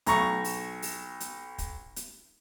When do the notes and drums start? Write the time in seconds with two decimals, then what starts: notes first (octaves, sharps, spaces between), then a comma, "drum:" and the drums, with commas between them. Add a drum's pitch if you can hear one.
0.06 B1 A#5 C#6, drum: hi-hat
0.44 drum: open hi-hat
0.82 drum: open hi-hat
1.20 drum: hi-hat
1.58 drum: kick, hi-hat
1.96 drum: hi-hat